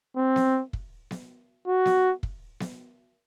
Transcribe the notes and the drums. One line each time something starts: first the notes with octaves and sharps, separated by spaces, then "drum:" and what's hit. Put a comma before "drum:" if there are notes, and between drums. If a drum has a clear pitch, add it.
C4
drum: snare B3
drum: kick
drum: snare B3
F#4
drum: snare B3
drum: kick
drum: snare B3